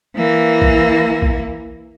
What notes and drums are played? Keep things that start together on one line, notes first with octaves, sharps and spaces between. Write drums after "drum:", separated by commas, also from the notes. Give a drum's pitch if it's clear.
E3 A#3
drum: kick A#1
drum: kick A#1